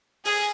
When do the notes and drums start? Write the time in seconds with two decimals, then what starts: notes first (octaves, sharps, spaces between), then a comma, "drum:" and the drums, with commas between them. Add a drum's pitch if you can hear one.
0.25 G#4, drum: open hi-hat